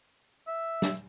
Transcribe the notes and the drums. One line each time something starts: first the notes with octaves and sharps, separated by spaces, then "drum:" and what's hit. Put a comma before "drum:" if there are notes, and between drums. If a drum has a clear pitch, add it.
E5
drum: snare